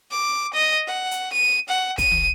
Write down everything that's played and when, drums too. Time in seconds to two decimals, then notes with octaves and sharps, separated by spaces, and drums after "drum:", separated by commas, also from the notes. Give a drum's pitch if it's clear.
0.11 D6
0.54 D#5
0.87 F#5
1.11 drum: hi-hat
1.33 D#7
1.69 F#5
1.98 D#7, drum: kick, hi-hat
2.11 drum: tom